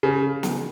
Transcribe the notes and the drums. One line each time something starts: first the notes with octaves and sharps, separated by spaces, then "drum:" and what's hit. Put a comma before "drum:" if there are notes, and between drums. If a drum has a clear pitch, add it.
C#3
drum: snare